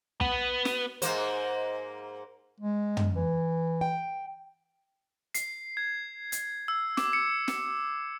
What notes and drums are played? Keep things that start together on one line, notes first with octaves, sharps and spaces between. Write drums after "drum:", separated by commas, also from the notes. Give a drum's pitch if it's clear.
B3, drum: kick
drum: snare
G#2 A#3 C5, drum: hi-hat
G#3
drum: tom
E3
G5
C7, drum: hi-hat
G#6
drum: hi-hat
E6
D6, drum: snare
C#7
drum: snare